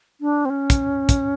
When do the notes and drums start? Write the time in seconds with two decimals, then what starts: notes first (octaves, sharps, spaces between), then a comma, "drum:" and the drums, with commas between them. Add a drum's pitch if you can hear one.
0.21 D4
0.45 C4
0.50 C#4
0.70 drum: kick, hi-hat
1.09 drum: kick, hi-hat